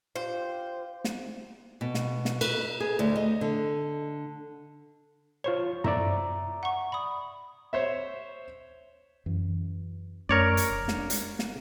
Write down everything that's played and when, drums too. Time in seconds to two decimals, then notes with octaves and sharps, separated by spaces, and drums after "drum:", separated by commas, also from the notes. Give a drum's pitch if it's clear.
0.16 F4 G4 C5 F5
1.04 drum: snare
1.81 B2
1.94 drum: snare
2.25 drum: snare
2.41 B4, drum: cymbal
2.80 G#4
2.99 D2
3.16 D#5
3.41 D3
5.44 F4 C5 C#5 C#6
5.84 D5 E5 A#5, drum: tom
6.63 F#5 C#6
6.92 B5 D#6
7.73 C5 C#5 E5
9.26 F#2 E3
10.29 F#2 A3 C#4 A#4 C#5 D5
10.57 drum: hi-hat
10.70 F1
10.88 G#3 D4, drum: snare
11.10 drum: hi-hat
11.39 drum: snare